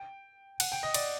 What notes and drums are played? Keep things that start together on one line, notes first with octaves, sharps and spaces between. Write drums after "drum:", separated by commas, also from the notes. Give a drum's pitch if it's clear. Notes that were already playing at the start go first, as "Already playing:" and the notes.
Already playing: G5
F#5, drum: cymbal
G5
D#5
D5, drum: cymbal